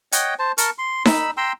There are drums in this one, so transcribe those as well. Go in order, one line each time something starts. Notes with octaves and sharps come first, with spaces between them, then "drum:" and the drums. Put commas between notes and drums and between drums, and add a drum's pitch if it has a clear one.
C#5 D#5 F#5 G5, drum: hi-hat
C5 A5
A#4 A5 C#6, drum: hi-hat
C6
D#4 B5 E6, drum: snare D#4
G5 A#5 C6 E6